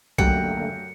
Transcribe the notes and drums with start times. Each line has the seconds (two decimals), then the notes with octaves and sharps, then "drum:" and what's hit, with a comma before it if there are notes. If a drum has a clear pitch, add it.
0.18 F#2 D3 G3 A3 A#3 F#5 G5 C#7, drum: kick B1